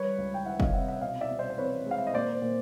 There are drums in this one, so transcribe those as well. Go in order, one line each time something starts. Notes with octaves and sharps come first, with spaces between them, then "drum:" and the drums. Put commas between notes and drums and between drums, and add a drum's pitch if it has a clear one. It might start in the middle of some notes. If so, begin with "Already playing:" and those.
Already playing: G3 B4 C#5
C#2
G5
E3 E5 F#5
D#5 F5, drum: kick
C3 E5 F#5
E5 F#5
B2 D#5 F5
D5 E5
B2
C5 D5
C5
C4 B4 C#5
G#3
F5
E5
D#5
A#2 C5 D5
A#2